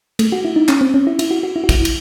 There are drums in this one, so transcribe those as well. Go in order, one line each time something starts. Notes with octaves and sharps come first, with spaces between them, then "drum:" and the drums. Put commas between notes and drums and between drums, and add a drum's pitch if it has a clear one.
A3, drum: cymbal
F#4
E4
D#4
C#4, drum: clap
C4
C#4
E4
E4, drum: cymbal
F#4
F#4
E4
F#4
E4, drum: kick, cymbal
drum: cymbal